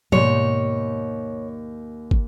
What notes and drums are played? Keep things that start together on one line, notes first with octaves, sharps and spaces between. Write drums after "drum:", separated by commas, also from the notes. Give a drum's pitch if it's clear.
D#2 G#2 B2 G#3 C5 C#5 C6, drum: tom F3
drum: kick